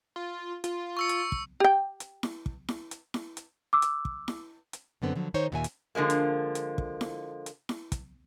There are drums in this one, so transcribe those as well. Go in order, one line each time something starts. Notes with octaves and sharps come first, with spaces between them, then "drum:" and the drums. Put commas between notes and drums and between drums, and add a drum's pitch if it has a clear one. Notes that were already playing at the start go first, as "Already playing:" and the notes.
F4
F4, drum: hi-hat
C#6 E6 C#7
drum: hi-hat
drum: kick
G4 G5
drum: hi-hat
drum: snare E4
drum: kick
drum: snare E4
drum: hi-hat
drum: snare E4
drum: hi-hat
D6 E6
drum: hi-hat
drum: kick
drum: snare E4
drum: hi-hat
F#2 D3 B3 C4
D3 F3 F#3
D#3 D#4 C5 C#5
D#2 A#2 D#3 E5 G5 G#5
drum: hi-hat
D3 F3 G#3 A#3
drum: hi-hat
drum: hi-hat
drum: kick
drum: snare E4
drum: hi-hat
drum: snare E4
drum: kick, hi-hat